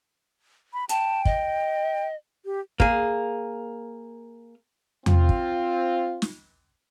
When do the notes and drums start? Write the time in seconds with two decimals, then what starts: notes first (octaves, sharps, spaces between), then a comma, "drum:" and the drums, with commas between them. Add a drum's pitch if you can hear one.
0.73 B5
0.89 G5 A5, drum: hi-hat
1.25 D#5, drum: kick
2.45 G4
2.80 A#3 G#4, drum: kick
5.06 C4 F4, drum: tom E2
5.29 drum: kick
6.22 drum: snare